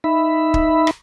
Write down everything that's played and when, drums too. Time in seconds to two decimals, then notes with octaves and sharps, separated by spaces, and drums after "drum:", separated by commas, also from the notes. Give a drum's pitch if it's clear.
0.04 D#4 E5 B5
0.54 drum: kick
0.87 drum: rim click